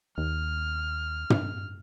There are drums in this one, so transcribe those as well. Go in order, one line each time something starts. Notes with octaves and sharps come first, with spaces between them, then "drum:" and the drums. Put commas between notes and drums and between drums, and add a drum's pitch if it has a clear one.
D#2 F6
drum: tom